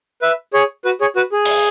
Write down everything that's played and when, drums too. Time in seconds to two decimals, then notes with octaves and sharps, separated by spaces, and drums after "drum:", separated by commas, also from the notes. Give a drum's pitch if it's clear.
0.22 B4 E5
0.53 G#4 C#5
0.85 F#4 B4
1.01 G#4 C#5
1.16 F#4 B4
1.32 G#4
1.45 drum: open hi-hat